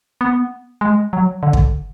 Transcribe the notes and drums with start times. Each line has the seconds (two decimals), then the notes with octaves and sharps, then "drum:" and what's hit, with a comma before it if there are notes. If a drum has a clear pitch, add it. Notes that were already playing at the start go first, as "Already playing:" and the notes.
0.21 B3
0.81 G#3
1.13 F#3
1.43 D3
1.53 drum: kick